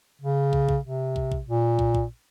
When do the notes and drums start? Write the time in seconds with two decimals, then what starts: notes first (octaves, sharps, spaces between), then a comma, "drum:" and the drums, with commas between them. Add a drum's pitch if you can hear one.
0.22 C#3
0.53 drum: kick
0.69 drum: kick
0.84 C3
1.16 drum: kick
1.32 drum: kick
1.47 A#2
1.79 drum: kick
1.95 drum: kick